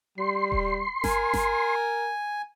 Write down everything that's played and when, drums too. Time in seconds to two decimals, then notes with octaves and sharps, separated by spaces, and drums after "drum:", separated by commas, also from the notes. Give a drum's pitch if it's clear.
0.18 G3 C6
0.52 drum: kick D#1
1.04 A#4 G#5, drum: snare G1
1.34 drum: snare G1